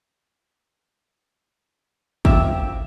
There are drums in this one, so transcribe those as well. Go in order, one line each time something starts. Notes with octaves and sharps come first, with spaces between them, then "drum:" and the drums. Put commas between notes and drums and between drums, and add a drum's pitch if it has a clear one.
C4 F4 G4 E5, drum: kick